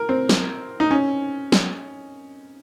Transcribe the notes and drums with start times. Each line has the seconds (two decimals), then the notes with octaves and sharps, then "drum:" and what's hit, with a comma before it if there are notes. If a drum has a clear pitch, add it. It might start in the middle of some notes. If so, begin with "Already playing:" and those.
Already playing: A#4
0.09 C4
0.29 drum: snare
0.80 D#4
0.91 C#4
1.52 drum: snare